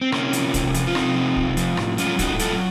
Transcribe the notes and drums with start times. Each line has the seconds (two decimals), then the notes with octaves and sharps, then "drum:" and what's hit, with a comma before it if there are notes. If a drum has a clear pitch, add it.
0.01 C4
0.12 C3 A#3 C#4, drum: rim click
0.33 F3, drum: hi-hat
0.54 C3, drum: kick, hi-hat
0.74 F3, drum: hi-hat
0.87 F4
0.95 C3 C4 D#4, drum: rim click
1.16 F3
1.36 C3, drum: kick
1.57 F3, drum: hi-hat
1.77 A2, drum: rim click
1.98 F#3 C#4 F4, drum: hi-hat
2.19 A2 D#4 F#4, drum: kick, hi-hat
2.39 F#3 F4 A4, drum: hi-hat